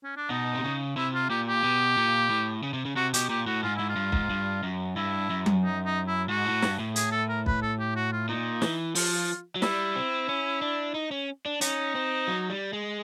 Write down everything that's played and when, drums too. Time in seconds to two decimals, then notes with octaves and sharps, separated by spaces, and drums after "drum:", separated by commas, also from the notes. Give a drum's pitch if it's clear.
0.04 C#4
0.16 D4
0.30 B2 D#4
0.55 C3
0.64 C#3
0.96 C3 E4
1.14 F4
1.30 A#2 G4
1.47 G4
1.64 B2
1.97 A#2
2.30 A2
2.63 C#3
2.73 C3
2.85 C#3
2.96 C3 F#4
3.14 B2 G4, drum: hi-hat
3.29 A#2 G4
3.46 A2 F#4
3.63 G#2 F4
3.76 G#2 E4
3.89 F4
3.96 G2
4.12 G#2, drum: kick
4.30 G2
4.63 F#2
4.96 G2 E4
5.30 F#2
5.46 drum: tom F#3
5.63 D#4
5.85 D#4
6.07 E4
6.29 G#2 F#4
6.45 A2
6.62 G2, drum: snare
6.79 A2
6.96 G#4, drum: hi-hat
7.12 A4
7.29 A#4
7.46 B4, drum: kick
7.62 A4
7.80 G4
7.96 F#4
8.12 F4
8.29 A#2 D#4
8.62 E3, drum: snare
8.95 F3 F4, drum: open hi-hat
9.56 F#3
9.62 G3 E4, drum: snare
9.96 C4
10.29 C#4
10.62 D4
10.94 D#4
11.11 C#4
11.46 D4
11.61 C#4 D#4, drum: hi-hat
11.95 C4
12.28 F#3
12.50 G3
12.73 G#3